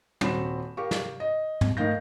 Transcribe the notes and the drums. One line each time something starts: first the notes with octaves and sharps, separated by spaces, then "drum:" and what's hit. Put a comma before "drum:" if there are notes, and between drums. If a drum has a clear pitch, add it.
D#1 C4 F#4 B5 E7, drum: tom
G4 A#4 F5 C#6
drum: snare
D#5
drum: tom
A2 A#4 D#5 F5 G6 A#6